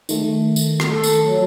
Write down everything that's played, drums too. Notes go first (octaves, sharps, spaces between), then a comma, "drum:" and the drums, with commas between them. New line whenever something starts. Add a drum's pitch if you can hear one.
D#3 A3, drum: tambourine
drum: tambourine
drum: rim click
A4
drum: tambourine
F#3